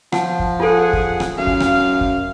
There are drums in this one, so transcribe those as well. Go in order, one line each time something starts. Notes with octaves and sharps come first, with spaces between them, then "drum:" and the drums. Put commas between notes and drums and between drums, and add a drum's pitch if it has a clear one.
F3 F#5 A5, drum: rim click
drum: kick
F4 G#4 A4 F#5
drum: kick
drum: rim click
F#2 F5
drum: kick
drum: rim click
drum: kick